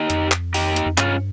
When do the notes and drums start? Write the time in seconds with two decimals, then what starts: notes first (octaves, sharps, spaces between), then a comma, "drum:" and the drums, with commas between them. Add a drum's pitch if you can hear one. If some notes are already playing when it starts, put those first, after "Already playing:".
Already playing: D#4 G4
0.10 F2, drum: hi-hat
0.32 drum: clap
0.54 D#4 G4, drum: open hi-hat
0.76 drum: hi-hat
0.86 F2
0.98 G2 C#4 F4, drum: clap